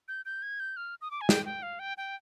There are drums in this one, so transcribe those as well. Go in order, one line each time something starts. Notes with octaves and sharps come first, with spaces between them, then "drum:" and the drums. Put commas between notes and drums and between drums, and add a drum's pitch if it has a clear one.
G6
G6
G#6
G6
F6
D#6
D6
G#5
G5, drum: snare
G5
F5
G5
G5